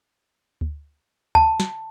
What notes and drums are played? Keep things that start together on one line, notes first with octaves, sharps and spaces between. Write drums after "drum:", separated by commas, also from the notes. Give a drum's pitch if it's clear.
drum: kick D2
A5, drum: kick D2
drum: snare